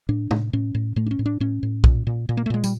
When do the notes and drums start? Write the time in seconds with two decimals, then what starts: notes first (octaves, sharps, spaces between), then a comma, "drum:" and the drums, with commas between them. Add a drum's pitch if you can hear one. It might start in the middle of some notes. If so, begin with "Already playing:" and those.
0.09 A2 D4
0.31 A2, drum: tom
0.53 A2 C#4
0.75 A2
0.96 A2 A3
1.06 D4
1.11 C#4
1.19 A2
1.26 D4
1.40 A2 C#4
1.63 A2
1.84 A#2, drum: kick
2.07 A#2
2.29 A#2
2.37 A#3
2.46 A3
2.50 A#2 G#3
2.64 G3, drum: tambourine